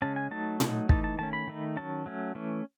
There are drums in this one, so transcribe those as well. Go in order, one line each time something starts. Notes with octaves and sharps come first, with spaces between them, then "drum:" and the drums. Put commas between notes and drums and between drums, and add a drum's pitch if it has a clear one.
C#3 G#3 C#4 A5
G#5
F#3 A3 D#4 A5
F#3 A3 D#4, drum: tom A#2
E3 A3 D#4 A5, drum: kick
A5
D#3 A3 C#4 A5
B5
D#3 A3 D#4
D#3 F#3 C#4 A5
F#3 A3 C#4
E3 A3 C#4